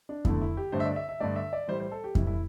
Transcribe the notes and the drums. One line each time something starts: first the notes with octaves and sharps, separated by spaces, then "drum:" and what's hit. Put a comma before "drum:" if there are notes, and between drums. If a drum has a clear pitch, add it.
D4
E2 D3 A3 E4, drum: kick F2
E4
G4
G2 D3 A3 C5
E5
D5
E5
E5
G2 D3 A3 D5
E5
D5
A2 E3 G3 C5
C5
A4
G4
A2 E3 G3 E4, drum: kick F2
E4